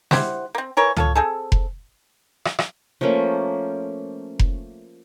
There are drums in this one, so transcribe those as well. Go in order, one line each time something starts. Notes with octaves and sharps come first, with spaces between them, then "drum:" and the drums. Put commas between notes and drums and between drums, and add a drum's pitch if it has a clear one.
E4 G4 C5 F#5, drum: snare
A#3 C4
E3 A#4 C#5
F4 A4 C#5, drum: tom
C4 G#4 A4
drum: kick F1
drum: rim click
drum: rim click
F3 A3 A#3 C#4
drum: kick F1